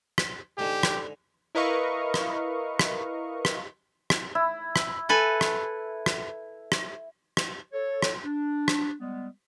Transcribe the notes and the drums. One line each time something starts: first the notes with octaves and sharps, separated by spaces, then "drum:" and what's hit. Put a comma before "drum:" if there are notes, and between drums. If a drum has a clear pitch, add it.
drum: rim click
G#2 D3 G#3 G4
drum: rim click
E4 A#4 B4 D#5 F5 C#6
drum: rim click
drum: rim click
drum: rim click
drum: rim click
E4
drum: rim click
A4 B4 G#5
drum: rim click
drum: rim click
drum: rim click
drum: rim click
A4 C#5
drum: rim click
D4
drum: rim click
G3 G#3 B3